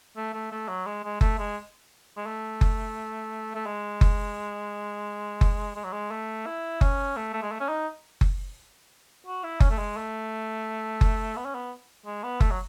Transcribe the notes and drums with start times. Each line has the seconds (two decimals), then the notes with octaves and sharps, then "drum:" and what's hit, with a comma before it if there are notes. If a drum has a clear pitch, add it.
0.17 A3
0.34 A3
0.52 A3
0.68 F#3
0.86 G#3
1.04 G#3
1.21 A3, drum: kick F#1
1.39 G#3
2.17 G#3
2.26 A3
2.61 drum: kick F#1
3.55 A3
3.66 G#3
4.01 drum: kick F#1
5.41 drum: kick F#1
5.76 G#3
5.84 F#3
5.92 G#3
6.11 A3
6.46 E4
6.81 C#4, drum: kick F#1
7.16 A3
7.34 A3
7.42 G#3
7.52 A3
7.60 C#4
7.69 D#4
8.21 drum: kick F#1
9.27 F#4
9.44 E4
9.60 C#4, drum: kick F#1
9.70 A3
9.78 G#3
9.97 A3
11.01 drum: kick F#1
11.36 B3
11.45 C#4
11.55 B3
12.06 G#3
12.23 B3
12.40 A3, drum: kick F#1
12.51 F#3